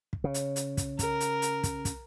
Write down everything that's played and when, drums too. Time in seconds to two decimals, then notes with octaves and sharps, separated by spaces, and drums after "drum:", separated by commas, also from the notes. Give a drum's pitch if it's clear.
0.13 drum: kick
0.24 C#3
0.34 drum: hi-hat
0.56 drum: hi-hat
0.77 drum: kick, hi-hat
0.99 A#4, drum: kick, hi-hat
1.20 drum: hi-hat
1.42 drum: hi-hat
1.63 drum: kick, hi-hat
1.85 drum: kick, hi-hat